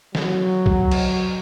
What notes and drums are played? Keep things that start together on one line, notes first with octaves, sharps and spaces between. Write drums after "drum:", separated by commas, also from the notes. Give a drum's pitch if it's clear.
F#3, drum: snare
drum: kick B1
drum: cymbal